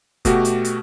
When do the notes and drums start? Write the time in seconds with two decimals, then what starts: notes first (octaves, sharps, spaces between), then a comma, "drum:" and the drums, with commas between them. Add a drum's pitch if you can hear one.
0.25 B2 A3 F#4 G4, drum: kick, hi-hat
0.45 drum: hi-hat
0.65 drum: hi-hat